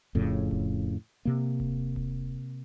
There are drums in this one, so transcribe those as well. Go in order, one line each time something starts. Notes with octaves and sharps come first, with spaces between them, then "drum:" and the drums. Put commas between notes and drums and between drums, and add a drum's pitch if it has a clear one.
F2 A2 C#3, drum: kick D#1
drum: kick D#1
C3 A#3
drum: kick D#1
drum: kick D#1